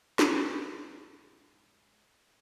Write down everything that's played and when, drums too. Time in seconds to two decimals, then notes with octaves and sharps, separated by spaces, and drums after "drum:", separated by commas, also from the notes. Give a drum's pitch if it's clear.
0.19 A#1 G2 G#3, drum: snare